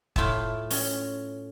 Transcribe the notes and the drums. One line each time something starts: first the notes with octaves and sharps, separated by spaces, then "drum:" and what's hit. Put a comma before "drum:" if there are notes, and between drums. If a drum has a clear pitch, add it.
A2 F4 E5 A5, drum: kick
C#4, drum: open hi-hat